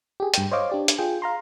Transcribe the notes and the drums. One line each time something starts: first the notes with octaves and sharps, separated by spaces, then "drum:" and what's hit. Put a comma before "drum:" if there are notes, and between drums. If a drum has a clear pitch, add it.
G4 G#4
G2 G5, drum: hi-hat
C5 C#5 D#5 F5 D6
D4 G4 D5
drum: hi-hat
F4 G#4 G5
F5 A#5 C6